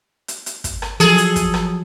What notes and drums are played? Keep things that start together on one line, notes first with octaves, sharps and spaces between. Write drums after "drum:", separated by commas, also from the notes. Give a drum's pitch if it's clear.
drum: hi-hat
drum: hi-hat
drum: kick, hi-hat
drum: rim click
F3 F#3 G#4 A4, drum: hi-hat
drum: hi-hat
drum: kick, hi-hat
drum: rim click